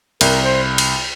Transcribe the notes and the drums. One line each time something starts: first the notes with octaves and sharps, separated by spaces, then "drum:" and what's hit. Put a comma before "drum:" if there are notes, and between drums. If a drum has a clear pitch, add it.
C2 A#4, drum: cymbal
C5
drum: cymbal